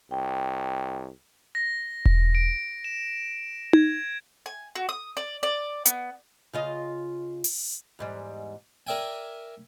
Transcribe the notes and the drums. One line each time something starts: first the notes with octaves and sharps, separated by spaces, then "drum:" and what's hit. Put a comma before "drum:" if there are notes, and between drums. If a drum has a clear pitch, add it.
C2 G5
A#6
drum: kick E1
D7
E7
G#6, drum: tom D#4
G#5
F#4
D#6
D5
D5
B3, drum: hi-hat
C#3 F4 D#5
drum: open hi-hat
E2 G#2 G3
A#4 D5 E5 G5 G#5